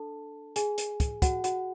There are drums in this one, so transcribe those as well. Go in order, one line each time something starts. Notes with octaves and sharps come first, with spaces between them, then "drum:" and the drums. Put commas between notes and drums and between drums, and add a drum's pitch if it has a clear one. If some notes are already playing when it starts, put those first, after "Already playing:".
Already playing: D4 A4 A5
G#4 G#5, drum: hi-hat
drum: hi-hat
drum: kick, hi-hat
F#4 F#5, drum: kick, hi-hat
F#4 F#5, drum: hi-hat